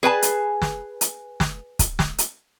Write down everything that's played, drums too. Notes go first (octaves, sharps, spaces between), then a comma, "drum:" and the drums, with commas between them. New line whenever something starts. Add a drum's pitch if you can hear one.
G#4 B4 G#5 A5
drum: hi-hat
drum: snare
drum: hi-hat
drum: snare
drum: kick, hi-hat
drum: snare
drum: hi-hat